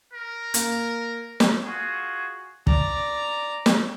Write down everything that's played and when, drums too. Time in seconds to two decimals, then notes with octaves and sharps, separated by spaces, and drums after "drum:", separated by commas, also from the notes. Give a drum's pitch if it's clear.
0.13 A#4
0.54 A#3, drum: hi-hat
1.40 drum: snare
1.65 F4 F#4 G#4
2.67 D5 A#5, drum: kick
3.66 drum: snare